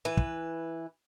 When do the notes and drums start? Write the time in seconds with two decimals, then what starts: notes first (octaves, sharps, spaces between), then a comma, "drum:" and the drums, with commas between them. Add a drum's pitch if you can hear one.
0.05 E3 B4
0.17 drum: kick